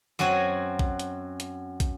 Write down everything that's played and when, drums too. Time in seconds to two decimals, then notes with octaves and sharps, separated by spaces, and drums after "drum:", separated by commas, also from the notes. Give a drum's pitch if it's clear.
0.19 F#2 F#3 C4 F#4 G#5
0.79 drum: kick
1.00 drum: hi-hat
1.40 drum: hi-hat
1.80 drum: kick, hi-hat